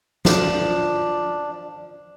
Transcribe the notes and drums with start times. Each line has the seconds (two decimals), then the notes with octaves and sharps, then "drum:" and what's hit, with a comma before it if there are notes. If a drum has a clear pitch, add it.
0.25 F3 D4, drum: snare